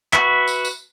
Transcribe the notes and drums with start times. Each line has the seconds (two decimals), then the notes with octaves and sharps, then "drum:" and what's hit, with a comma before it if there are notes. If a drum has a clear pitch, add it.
0.13 F#4 B4 E5, drum: clap
0.47 drum: tambourine
0.65 drum: tambourine